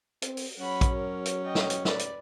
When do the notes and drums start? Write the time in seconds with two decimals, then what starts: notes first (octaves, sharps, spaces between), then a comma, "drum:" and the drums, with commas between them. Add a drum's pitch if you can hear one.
0.22 C4, drum: hi-hat
0.37 drum: open hi-hat
0.59 F#3 C#4 F#5 B5
0.81 drum: kick A#1, hi-hat
0.93 F#4 A#4
1.26 drum: hi-hat
1.44 D#5 G5
1.55 drum: snare
1.70 drum: hi-hat
1.85 B4 D5, drum: snare
1.99 drum: hi-hat